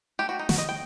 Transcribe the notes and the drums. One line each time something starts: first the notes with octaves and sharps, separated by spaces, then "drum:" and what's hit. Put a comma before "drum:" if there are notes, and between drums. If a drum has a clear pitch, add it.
A3 D4 G4
F#4
D#4
F#4, drum: snare
D#5
G5